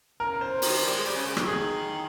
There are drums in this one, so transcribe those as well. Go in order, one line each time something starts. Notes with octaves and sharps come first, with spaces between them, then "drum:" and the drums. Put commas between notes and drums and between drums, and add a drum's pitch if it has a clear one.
C#3 A#4
C5
D#3, drum: open hi-hat
G3
G#3
G3
C#3
C#3
D#3, drum: rim click
G#4